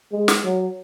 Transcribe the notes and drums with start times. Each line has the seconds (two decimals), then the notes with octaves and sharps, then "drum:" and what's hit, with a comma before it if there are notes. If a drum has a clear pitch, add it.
0.12 G#3
0.28 drum: snare
0.44 F#3